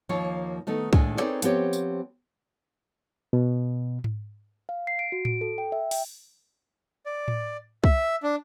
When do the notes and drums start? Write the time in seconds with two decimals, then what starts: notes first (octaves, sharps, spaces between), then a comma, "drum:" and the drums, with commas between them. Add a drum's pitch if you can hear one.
0.09 D#2 F3 A#3 C#5 F5
0.67 D#3 A3 B3 D#4
0.93 D#2 A2 D#3 G#3 D4 G#5, drum: kick
1.17 C4 D#4 G#4 B4 C#5 D5
1.42 F3 B3 C4 G4 C#5, drum: hi-hat
1.73 drum: tambourine
3.33 B2
4.04 drum: tom G#2
4.69 F5
4.87 C7
4.99 D7
5.12 F#4
5.25 D7, drum: tom A2
5.41 A4
5.58 G5
5.72 E5
5.91 G5, drum: open hi-hat
7.06 D5
7.28 drum: tom A2
7.84 E5, drum: kick
8.23 D4